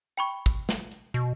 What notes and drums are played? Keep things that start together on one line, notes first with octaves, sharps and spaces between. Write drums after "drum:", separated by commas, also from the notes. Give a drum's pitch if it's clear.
G5 B5 C#6
drum: kick, hi-hat
drum: snare
drum: hi-hat
B2, drum: hi-hat